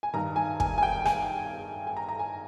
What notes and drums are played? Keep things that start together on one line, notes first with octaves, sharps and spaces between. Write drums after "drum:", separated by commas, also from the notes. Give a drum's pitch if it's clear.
G#5
G2 D#3 A#5
G#5
G#5, drum: kick
G#5
G5
G#5, drum: rim click
G#5
A#5
A#5
G#5